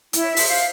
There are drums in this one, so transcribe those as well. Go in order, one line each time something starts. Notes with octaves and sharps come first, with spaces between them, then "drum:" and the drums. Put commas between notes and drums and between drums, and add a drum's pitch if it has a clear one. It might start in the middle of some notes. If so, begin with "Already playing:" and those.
E4, drum: hi-hat
C#5
E5
C5, drum: open hi-hat
F5